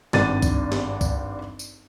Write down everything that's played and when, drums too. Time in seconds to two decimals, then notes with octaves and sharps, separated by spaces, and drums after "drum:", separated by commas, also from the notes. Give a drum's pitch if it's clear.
0.13 G#1 G2 D4 D5 A6 D#7, drum: snare
0.42 drum: kick C2, tambourine
0.72 drum: snare
1.01 drum: kick C2, tambourine
1.59 drum: tambourine